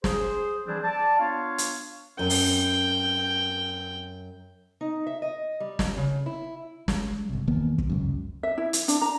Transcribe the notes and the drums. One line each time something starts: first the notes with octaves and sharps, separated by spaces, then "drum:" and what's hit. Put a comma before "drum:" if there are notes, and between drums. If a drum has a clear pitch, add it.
G#4 C5, drum: snare
E3 F3 G3 C4 D4 G#4
D5 A5
B3 D4 F4 C#5 F5
drum: hi-hat
F#2 G5
drum: open hi-hat
D#4
E5
D#5
G3
drum: snare
C#3
E4
G3 G#3, drum: snare
G1 C2
E1 D#3 A#3 B3
drum: kick
F1 C#2 F#2
E5
E4
drum: hi-hat
D4, drum: hi-hat
A#5